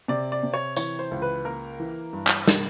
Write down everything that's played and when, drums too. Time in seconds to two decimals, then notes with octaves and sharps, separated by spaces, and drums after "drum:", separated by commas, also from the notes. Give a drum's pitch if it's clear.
0.08 C3 D5
0.32 D5
0.43 C3
0.54 C#5
0.76 E3 C#5, drum: tambourine
0.99 C5
1.11 C#2
1.22 B4
1.44 A#3 A#4
1.80 E3
2.13 G2
2.27 drum: clap
2.48 A#3, drum: snare